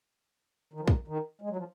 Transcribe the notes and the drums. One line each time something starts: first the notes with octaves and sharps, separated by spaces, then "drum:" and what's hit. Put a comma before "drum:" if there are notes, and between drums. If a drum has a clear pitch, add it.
D#3
F3
D#3, drum: kick
D#3
G#3
F#3
F3